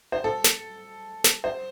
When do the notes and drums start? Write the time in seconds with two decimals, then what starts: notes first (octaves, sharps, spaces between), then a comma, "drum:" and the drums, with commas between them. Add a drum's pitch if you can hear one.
0.12 C5
0.24 A4
0.44 drum: snare
1.24 drum: snare
1.44 C5